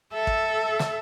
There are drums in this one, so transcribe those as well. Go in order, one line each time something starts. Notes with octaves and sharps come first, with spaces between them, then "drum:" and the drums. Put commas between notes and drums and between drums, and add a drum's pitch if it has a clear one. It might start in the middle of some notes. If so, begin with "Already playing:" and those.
A4 E5
drum: kick
drum: snare